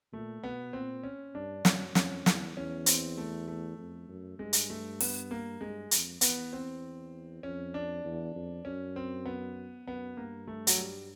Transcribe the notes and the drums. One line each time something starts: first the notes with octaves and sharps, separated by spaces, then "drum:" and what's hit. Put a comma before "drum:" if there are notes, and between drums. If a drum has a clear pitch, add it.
A#2 A3
B2 B3
A#2 C4
C#4
G2 D4
F#2 C#4, drum: snare
F2 C#4, drum: snare
E2, drum: snare
E2 C#4
C4, drum: hi-hat
A3
A3
F2
F#2
G2 G#3
drum: hi-hat
A3
B3, drum: open hi-hat
A#3
G2 G#3
F2, drum: hi-hat
E2 B3, drum: hi-hat
C4
F2 C#4
D4
E2
F2
F#2 C#4
C4
B3
F#2 B3
G2 A#3
A3
F#3, drum: hi-hat
G3